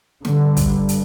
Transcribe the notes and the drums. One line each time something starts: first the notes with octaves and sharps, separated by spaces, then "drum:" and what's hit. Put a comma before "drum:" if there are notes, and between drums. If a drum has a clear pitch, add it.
G2 D3, drum: snare
drum: kick, hi-hat
drum: hi-hat